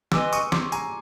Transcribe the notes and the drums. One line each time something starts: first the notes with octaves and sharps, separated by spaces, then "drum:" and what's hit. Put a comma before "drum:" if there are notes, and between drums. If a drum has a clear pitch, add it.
B4 D#5 G#5 C6 D6 E6, drum: snare
C#6 D#6, drum: tambourine
C6 D6, drum: snare
G#5 A#5, drum: tambourine